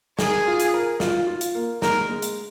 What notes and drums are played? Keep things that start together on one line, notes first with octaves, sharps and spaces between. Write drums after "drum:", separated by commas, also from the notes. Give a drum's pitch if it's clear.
G#4 A#4, drum: snare
F4
drum: hi-hat
A#4
F4, drum: snare
F4
drum: hi-hat
A#3
G#3 A#4, drum: snare
G#3
drum: hi-hat